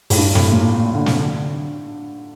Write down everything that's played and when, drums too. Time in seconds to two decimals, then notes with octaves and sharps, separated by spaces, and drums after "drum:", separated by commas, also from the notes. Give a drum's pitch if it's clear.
0.10 A2, drum: open hi-hat
0.18 G2
0.35 A2, drum: snare
0.52 A#2
0.95 D3
1.06 drum: snare
1.21 D3